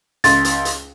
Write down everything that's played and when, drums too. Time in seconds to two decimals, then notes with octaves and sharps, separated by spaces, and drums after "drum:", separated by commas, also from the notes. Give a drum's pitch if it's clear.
0.24 C#2 C6 A6, drum: hi-hat
0.45 drum: hi-hat
0.65 drum: hi-hat